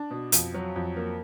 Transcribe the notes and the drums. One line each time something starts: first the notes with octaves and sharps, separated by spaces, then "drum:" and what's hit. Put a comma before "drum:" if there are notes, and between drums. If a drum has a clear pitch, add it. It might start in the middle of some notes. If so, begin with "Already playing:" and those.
Already playing: D4
B2
F2, drum: hi-hat
F#3
F2
A#3